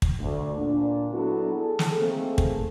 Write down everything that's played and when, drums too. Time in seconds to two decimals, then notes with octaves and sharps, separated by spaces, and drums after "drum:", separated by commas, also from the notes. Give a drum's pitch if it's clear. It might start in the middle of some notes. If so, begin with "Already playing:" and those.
0.02 drum: kick
0.20 D2
0.56 A#2 D4
1.12 F#3 B3 D4 E4 F#4 A4
1.55 G#4 A4
1.79 drum: snare
1.99 D#3 A3 A#3 C4 G#4 A4
2.38 drum: kick